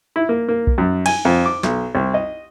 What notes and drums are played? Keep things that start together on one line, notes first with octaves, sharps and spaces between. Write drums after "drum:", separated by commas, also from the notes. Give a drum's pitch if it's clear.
E4
A#3
A#3
drum: kick B1
F#2
G#5, drum: cymbal
F2
D6
B1, drum: snare
C2
D#5